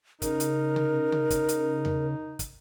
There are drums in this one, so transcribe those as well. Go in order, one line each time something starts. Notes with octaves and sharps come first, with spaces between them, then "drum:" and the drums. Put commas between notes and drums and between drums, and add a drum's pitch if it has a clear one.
C#3 D#4 A#4, drum: kick, hi-hat
drum: hi-hat
drum: tom C3
drum: tom C3
drum: kick, hi-hat
drum: hi-hat
drum: tom E2
drum: kick, hi-hat